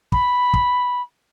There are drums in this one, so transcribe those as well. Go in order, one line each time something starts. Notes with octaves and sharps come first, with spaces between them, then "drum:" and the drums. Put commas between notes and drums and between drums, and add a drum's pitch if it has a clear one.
B5, drum: kick
drum: kick